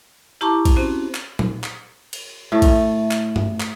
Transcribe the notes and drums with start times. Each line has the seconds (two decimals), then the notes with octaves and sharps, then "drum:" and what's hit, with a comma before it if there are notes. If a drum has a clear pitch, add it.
0.41 E4 G4 A5 A#5 C#6 D6
0.65 drum: kick, cymbal
0.76 C4 C#4 F#4 C5
1.15 drum: clap
1.39 drum: tom A#2
1.64 drum: clap
2.13 drum: cymbal
2.52 A2 A3
2.62 drum: kick, cymbal
3.11 drum: clap
3.36 drum: tom G2
3.60 drum: clap